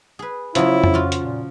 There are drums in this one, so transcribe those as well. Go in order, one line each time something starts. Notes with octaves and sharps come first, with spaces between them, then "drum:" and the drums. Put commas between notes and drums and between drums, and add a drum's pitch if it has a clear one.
G#4 B4
C#3 F3 F#3 E4, drum: hi-hat
drum: tom F2
F4 F#4
drum: hi-hat
A#2